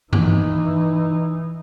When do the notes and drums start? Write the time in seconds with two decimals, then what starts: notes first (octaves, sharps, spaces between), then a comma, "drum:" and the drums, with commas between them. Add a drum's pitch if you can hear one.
0.13 E3 D#4, drum: tom G2